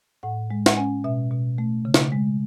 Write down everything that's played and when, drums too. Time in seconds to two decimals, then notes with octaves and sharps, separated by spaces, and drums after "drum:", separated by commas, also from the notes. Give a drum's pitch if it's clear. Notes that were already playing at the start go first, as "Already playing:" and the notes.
0.23 A2 F#5
0.50 G#3
0.66 F#5, drum: snare
0.77 C#4 G#5
1.04 B2 E5
1.31 B2
1.58 A3
1.85 C#3
1.94 drum: snare
2.12 G#3